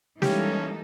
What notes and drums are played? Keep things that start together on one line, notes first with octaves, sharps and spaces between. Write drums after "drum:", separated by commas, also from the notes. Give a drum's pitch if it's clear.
E3 G3 G#3 A#3 C#4 D#4 G4 A4, drum: snare